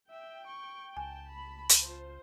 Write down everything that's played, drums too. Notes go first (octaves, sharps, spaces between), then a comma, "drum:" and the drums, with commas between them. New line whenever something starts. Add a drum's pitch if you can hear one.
E5 G5
C#6
C#2 G#5 A5
B5
drum: hi-hat
F4 C5